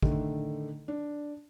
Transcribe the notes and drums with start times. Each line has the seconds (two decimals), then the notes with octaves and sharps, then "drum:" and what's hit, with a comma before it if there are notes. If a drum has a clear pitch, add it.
0.02 D3 D#3 A3, drum: kick
0.88 D4